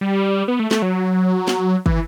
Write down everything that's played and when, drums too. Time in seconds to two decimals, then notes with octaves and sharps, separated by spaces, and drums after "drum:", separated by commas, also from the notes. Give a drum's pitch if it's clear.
0.01 G3
0.48 B3
0.60 A3
0.71 A3, drum: snare
0.82 F#3
1.48 drum: snare
1.86 E3, drum: kick